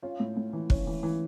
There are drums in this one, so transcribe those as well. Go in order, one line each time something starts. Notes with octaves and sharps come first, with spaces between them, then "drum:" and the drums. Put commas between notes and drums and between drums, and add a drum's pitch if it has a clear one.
C#4 F4 F5
A2
A2
E3
C#4, drum: kick
E3
E3